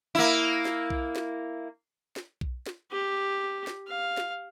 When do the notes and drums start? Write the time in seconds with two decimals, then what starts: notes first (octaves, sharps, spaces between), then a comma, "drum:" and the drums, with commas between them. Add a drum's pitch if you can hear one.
0.15 A#3 E4
0.65 drum: snare
0.90 drum: kick B1
1.16 drum: snare
2.16 drum: snare
2.41 drum: kick B1
2.66 drum: snare
2.92 G4
3.67 drum: snare
3.88 F5
4.17 drum: snare